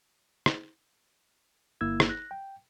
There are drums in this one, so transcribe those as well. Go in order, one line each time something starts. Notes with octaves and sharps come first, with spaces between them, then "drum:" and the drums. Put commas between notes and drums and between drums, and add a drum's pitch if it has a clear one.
drum: rim click
G1 A#3 E4 E6 G#6
drum: rim click
F#6 A#6
G5